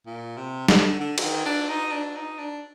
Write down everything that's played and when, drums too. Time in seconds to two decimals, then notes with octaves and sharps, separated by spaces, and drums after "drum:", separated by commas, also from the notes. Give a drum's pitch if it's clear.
0.06 A#2
0.37 C3
0.68 D3, drum: snare
1.00 D3
1.18 F#3, drum: cymbal
1.23 D#3
1.46 D4
1.69 D#4
1.92 D4
2.16 D#4
2.39 D4